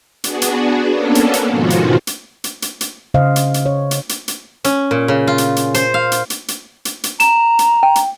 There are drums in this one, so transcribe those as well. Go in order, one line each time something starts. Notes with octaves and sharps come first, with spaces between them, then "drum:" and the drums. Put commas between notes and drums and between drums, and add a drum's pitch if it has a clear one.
B3 D4 F#4 G#4, drum: hi-hat
drum: hi-hat
A#3 B3 C#4 D4 A4
drum: hi-hat
drum: hi-hat
G#2 B2 D#3 F3 F4 F#4
drum: hi-hat
drum: hi-hat
drum: hi-hat
drum: hi-hat
drum: hi-hat
C#3 C5 D#5 F5
drum: hi-hat
drum: hi-hat
C#5
drum: hi-hat
drum: hi-hat
drum: hi-hat
C#4, drum: hi-hat
A#2
C#3
F4
drum: hi-hat
drum: hi-hat
C5, drum: hi-hat
F5
drum: hi-hat
drum: hi-hat
drum: hi-hat
drum: hi-hat
drum: hi-hat
A#5 E7, drum: hi-hat
drum: hi-hat
G5
drum: hi-hat